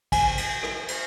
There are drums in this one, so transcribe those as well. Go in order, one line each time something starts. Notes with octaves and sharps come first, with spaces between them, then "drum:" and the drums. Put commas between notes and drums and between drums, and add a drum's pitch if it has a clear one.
G#5, drum: kick, cymbal
drum: cymbal
drum: rim click
drum: cymbal